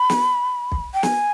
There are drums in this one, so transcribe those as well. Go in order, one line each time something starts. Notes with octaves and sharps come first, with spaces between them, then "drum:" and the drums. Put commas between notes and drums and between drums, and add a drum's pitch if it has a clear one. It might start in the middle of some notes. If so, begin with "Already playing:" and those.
Already playing: B5
drum: snare
drum: kick B1
G5
G#5, drum: snare